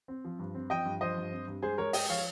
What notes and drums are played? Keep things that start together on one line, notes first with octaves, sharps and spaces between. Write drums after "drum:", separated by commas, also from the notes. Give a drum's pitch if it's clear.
C4
F3
G2
C4
F3 D#5 G5
G2
F3 C5 D#5
G2
C4
G2
G#3 G#4 C5
G#3 A#4 C#5
G#3 D#5 G5, drum: open hi-hat
F3 C#5 F5